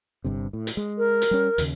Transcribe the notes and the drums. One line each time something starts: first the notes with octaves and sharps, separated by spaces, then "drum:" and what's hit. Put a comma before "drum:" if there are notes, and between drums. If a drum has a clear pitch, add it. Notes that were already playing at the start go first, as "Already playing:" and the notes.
G1 G2 C3
A2
drum: hi-hat
G#3
A#4
drum: hi-hat
G3 C#4
D#2 C#3, drum: hi-hat